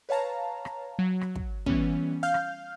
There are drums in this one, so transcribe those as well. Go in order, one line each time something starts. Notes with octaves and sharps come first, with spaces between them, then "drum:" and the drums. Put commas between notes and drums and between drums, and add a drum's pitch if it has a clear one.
B4 C#5 F5 A5 A#5
drum: rim click
F#3
drum: rim click
drum: kick
E3 G3 B3 C#4, drum: kick
F5 F6 G6
drum: rim click